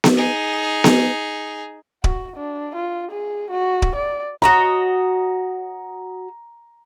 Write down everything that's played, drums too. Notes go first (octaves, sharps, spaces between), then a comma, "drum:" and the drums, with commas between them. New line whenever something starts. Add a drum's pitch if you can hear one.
drum: snare B3
D#4 G#4
drum: snare B3
F#4, drum: kick D1
D4
F4
G#4
F#4
drum: kick D1
D5
F#4 C#5 D#5 A#5